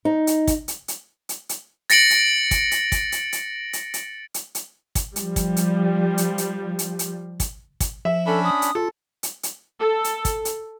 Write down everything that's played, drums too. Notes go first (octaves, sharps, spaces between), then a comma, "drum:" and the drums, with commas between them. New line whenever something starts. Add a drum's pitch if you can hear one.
D#4
drum: hi-hat
drum: kick, hi-hat
drum: hi-hat
drum: hi-hat
drum: hi-hat
drum: hi-hat
A6 A#6 C#7 D7 F#7, drum: hi-hat
drum: hi-hat
drum: kick, hi-hat
drum: hi-hat
drum: kick, hi-hat
drum: hi-hat
drum: hi-hat
drum: hi-hat
drum: hi-hat
drum: hi-hat
drum: hi-hat
drum: kick, hi-hat
F3 G3, drum: hi-hat
drum: kick, hi-hat
drum: hi-hat
drum: hi-hat
drum: hi-hat
drum: hi-hat
drum: hi-hat
drum: kick, hi-hat
drum: kick, hi-hat
F3 E5
C#4 D4 A4 B5
D#6
drum: hi-hat
F4 A4
drum: hi-hat
drum: hi-hat
A4
drum: hi-hat
drum: kick, hi-hat
drum: hi-hat